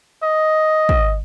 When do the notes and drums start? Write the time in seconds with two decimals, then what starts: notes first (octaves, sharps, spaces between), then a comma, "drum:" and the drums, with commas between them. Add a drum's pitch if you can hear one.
0.23 D#5
0.89 drum: kick